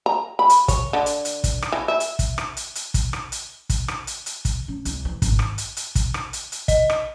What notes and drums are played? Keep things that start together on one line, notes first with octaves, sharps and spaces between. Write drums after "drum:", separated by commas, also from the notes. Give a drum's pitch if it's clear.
A#5
B5
drum: hi-hat
C#5, drum: kick, hi-hat
D3
drum: hi-hat
drum: hi-hat
drum: kick, hi-hat
drum: rim click
E3
E5
drum: hi-hat
drum: kick, hi-hat
drum: rim click
drum: hi-hat
drum: hi-hat
drum: kick, hi-hat
drum: rim click
drum: hi-hat
drum: kick, hi-hat
drum: rim click
drum: hi-hat
drum: hi-hat
drum: kick, hi-hat
C#4
C2, drum: hi-hat
E3
G#1, drum: kick, hi-hat
drum: rim click
drum: hi-hat
drum: hi-hat
drum: kick, hi-hat
drum: rim click
drum: hi-hat
drum: hi-hat
D#5, drum: kick, hi-hat
drum: rim click